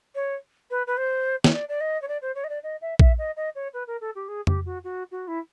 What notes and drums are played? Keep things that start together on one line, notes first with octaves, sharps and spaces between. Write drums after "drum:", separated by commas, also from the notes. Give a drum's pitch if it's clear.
C#5
B4
B4
C5
C#5, drum: snare
D5
D5
D#5
C#5
D5
C5
C#5
D#5
D5
D#5
E5
E5, drum: kick A#1
D#5
D#5
C#5
B4
A#4
A4
G4
G#4
G4, drum: tom F2
F#4
F#4
F#4
E4